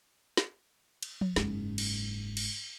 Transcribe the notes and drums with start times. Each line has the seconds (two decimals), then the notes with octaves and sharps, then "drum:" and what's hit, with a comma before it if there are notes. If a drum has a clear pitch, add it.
0.37 drum: snare
1.03 drum: cymbal
1.21 drum: tom F3
1.36 F#1 G#2, drum: snare
1.78 drum: cymbal
2.37 drum: cymbal